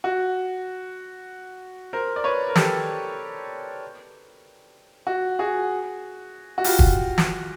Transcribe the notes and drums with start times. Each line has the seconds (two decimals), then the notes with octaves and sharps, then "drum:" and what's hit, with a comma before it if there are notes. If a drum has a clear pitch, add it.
0.04 F#4
1.93 A#4 C5
2.16 D5
2.24 B4 C#5
2.49 A#4
2.55 G4 A4, drum: snare
5.07 F#4
5.39 F#4 G#4
6.58 F#4
6.64 F4 G4, drum: open hi-hat
6.79 drum: kick
7.18 drum: snare